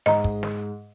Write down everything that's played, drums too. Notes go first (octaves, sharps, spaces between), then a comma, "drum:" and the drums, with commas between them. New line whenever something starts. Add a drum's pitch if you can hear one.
G#2 G#3 D#5 A#5, drum: snare
drum: kick
drum: snare